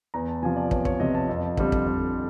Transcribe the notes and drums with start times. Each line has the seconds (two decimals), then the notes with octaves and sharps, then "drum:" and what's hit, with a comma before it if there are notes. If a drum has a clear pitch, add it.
0.14 E2 A#5
0.28 A5
0.43 C3 F3 G#5
0.56 D5
0.71 E2 C#5, drum: kick
0.85 C#5, drum: kick
1.00 C3 F3 D#5
1.15 A5
1.29 F2
1.57 D3 G3 C4, drum: kick
1.72 drum: kick
1.87 F2